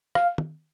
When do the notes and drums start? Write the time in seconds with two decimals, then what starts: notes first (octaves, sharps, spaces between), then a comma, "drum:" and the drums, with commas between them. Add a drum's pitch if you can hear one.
0.15 F5, drum: rim click
0.38 drum: tom